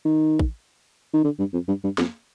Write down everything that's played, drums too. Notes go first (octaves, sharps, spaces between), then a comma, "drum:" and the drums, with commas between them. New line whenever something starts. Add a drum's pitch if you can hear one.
D#3
drum: kick A1
D#3
D3
G2
F2
G2
G2
F2, drum: snare